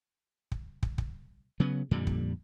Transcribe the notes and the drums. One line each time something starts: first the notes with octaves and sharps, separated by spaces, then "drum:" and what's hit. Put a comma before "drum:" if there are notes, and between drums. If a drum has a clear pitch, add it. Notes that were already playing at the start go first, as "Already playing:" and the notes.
drum: kick
drum: kick
drum: kick
C#3 F#3 B3
F2 A#2 D3 G3
drum: kick